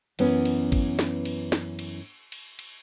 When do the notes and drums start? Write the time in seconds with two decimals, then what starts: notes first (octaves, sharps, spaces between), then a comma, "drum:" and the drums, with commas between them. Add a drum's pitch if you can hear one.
0.19 F#2 E3 B3 C#4, drum: cymbal
0.45 drum: cymbal
0.72 drum: kick G#1, cymbal
0.99 drum: snare
1.25 drum: cymbal
1.52 drum: snare
1.79 drum: cymbal
2.32 drum: cymbal
2.59 drum: cymbal